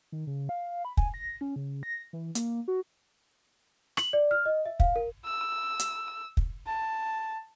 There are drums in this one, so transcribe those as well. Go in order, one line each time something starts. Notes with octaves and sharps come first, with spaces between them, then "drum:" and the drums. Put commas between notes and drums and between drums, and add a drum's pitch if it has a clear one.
D#3
C#3
F5
B5
G#5, drum: kick
A#6
C#4
C#3
A#6
E3
A#3, drum: hi-hat
F#4
F#7, drum: rim click
D5
F6
D#5
E5
F5, drum: kick
A#4
E6
drum: hi-hat
drum: kick
A5